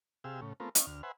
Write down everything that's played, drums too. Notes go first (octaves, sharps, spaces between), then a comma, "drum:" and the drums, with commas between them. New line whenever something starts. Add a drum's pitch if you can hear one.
C3 G4 G#4 F5 E6
A2 C#3
A3 B3 C4 F4 A#4
C#4 D#5 F5, drum: hi-hat
D2 F6
B4 C5 E5 F#5 G#5